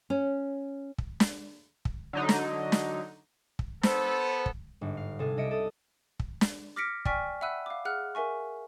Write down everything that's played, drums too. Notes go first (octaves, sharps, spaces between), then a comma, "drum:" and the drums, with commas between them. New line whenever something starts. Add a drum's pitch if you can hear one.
C#4
drum: kick
drum: snare
drum: kick
D3 F#3 D#4
drum: snare
drum: snare
drum: kick
B3 A4 C5, drum: snare
drum: kick
G1 G#2
F5
C3 G#4 A4
C2 D#5 E5 C#7 D7
A4 D#6
drum: kick
drum: snare
D6 F6 A#6 B6 C#7 D7
D5 G5 G#5 C#6 F6 B6, drum: kick
E5 F#5 B5 E6 F#6 D#7
F5 D6
G#4 F#5 F6 F#6
A#4 E5 G#5 C#6